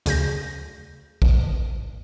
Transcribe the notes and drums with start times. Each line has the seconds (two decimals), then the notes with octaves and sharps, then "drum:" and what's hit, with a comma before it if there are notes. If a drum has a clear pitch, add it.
0.06 D2 C#3 G6 A#6, drum: hi-hat
1.22 drum: kick